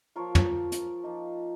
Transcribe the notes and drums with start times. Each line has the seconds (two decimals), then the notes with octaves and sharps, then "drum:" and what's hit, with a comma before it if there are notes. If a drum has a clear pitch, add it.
0.16 F3 A#3 F4 A#4 C#5
0.35 drum: tom
0.72 drum: hi-hat
1.04 F3 A#3 D#4